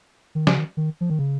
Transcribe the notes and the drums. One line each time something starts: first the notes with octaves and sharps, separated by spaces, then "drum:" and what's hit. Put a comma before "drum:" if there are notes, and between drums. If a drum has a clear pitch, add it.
D#3
C#3, drum: snare
D#3
D#3
F3
D#3
C#3